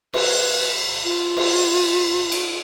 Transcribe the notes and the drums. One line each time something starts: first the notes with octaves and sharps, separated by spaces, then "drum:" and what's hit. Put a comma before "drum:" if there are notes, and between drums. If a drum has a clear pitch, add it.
B4, drum: cymbal
F4
drum: cymbal
drum: cymbal